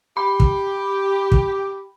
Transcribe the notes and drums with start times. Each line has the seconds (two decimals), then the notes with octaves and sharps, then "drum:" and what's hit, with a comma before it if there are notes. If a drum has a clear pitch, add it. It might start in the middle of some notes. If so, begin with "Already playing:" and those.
0.17 G4 B5
0.40 drum: kick
1.32 drum: kick